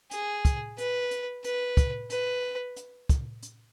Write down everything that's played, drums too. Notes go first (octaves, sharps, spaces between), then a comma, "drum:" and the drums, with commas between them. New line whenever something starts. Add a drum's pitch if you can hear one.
G#4, drum: hi-hat
drum: kick, hi-hat
B4, drum: hi-hat
drum: hi-hat
B4, drum: hi-hat
drum: kick, hi-hat
B4, drum: hi-hat
drum: hi-hat
drum: kick, hi-hat
drum: hi-hat